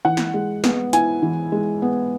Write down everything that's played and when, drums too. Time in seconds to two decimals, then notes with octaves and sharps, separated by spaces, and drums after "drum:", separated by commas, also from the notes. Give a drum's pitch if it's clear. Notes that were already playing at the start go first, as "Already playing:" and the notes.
0.05 E3 F#5
0.17 drum: snare
0.34 G#3
0.64 B3, drum: snare
0.93 E4 G#5, drum: hi-hat
1.23 E3
1.52 G#3
1.82 B3